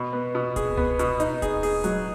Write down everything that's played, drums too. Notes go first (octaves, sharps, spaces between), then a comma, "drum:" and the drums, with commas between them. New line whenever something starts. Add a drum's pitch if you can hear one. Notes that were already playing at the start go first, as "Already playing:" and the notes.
Already playing: B2
B3
B2
G#4, drum: kick D#1, hi-hat
B3, drum: tom C#2
B2, drum: hi-hat
D#4, drum: hi-hat
G#4, drum: kick D#1, hi-hat
G#4, drum: open hi-hat
F#3, drum: hi-hat